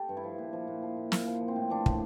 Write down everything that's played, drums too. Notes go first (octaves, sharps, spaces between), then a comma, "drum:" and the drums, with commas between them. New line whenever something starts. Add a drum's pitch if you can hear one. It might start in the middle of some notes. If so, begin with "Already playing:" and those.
Already playing: G4 A4
G2
E4
F3
A#2
F3
A#2
F3
A#2
A#2, drum: snare
F3
F3
C4
A2
F3 D4
A2, drum: kick